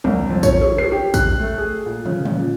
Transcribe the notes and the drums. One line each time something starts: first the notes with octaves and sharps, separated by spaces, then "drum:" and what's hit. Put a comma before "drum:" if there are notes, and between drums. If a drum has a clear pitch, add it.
C2, drum: tom
F2
C#5, drum: kick, tambourine
drum: tom
C7, drum: tom
G4
F#6, drum: kick, tambourine
A3
G#4
A#2
C#3, drum: tom
A#2, drum: tom